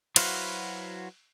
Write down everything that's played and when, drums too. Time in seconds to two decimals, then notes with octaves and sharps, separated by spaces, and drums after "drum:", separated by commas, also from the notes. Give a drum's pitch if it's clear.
0.16 F#3 E4 F#4 B4 C5 F5, drum: cymbal